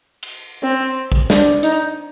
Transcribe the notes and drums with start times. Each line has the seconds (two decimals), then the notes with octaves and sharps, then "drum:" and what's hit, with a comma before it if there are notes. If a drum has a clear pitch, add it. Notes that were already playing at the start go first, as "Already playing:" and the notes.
0.23 drum: cymbal
0.63 C4
1.12 drum: kick
1.30 D4, drum: snare
1.63 D#4, drum: hi-hat